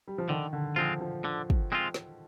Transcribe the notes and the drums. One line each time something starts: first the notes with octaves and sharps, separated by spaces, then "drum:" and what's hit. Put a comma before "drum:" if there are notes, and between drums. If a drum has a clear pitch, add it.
G3
F3
D3 D#3
D3
F3 G#3 C4 F4
F3
D3
drum: kick
G#3 C4 F4
drum: snare